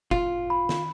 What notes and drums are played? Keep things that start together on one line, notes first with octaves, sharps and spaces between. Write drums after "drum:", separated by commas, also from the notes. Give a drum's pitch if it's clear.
F4, drum: kick
B5
drum: snare